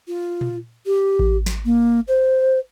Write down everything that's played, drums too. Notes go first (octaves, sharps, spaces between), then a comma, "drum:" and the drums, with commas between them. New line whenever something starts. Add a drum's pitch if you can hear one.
F4
drum: tom A#2
G4
drum: kick A1
drum: snare
A#3
C5